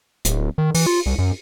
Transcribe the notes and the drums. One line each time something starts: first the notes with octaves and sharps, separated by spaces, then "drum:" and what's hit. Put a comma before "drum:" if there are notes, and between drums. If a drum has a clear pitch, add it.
D1, drum: hi-hat
D#3
E3, drum: open hi-hat
F4
C2
F#2